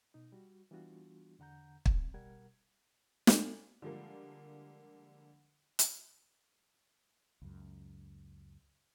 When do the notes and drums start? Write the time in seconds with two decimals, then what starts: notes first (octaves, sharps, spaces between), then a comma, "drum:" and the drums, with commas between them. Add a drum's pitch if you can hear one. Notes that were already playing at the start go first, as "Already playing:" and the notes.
0.14 B2 D#4
0.32 G3 F#4
0.71 E3 G3 B3 D4 F4 F#4
1.39 E2 D3 F#5 A#5 G6
1.86 C4, drum: kick
2.14 B2 G3 A#4 F#5 G#6
3.27 drum: snare
3.82 D3 F3 G3 G#3 A#3
5.79 drum: hi-hat
7.42 C#2 F#2